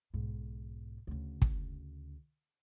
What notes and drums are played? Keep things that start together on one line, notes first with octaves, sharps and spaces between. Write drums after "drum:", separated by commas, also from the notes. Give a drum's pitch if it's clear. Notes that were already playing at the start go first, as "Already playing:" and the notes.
B1 G#2
D2 C#3
drum: kick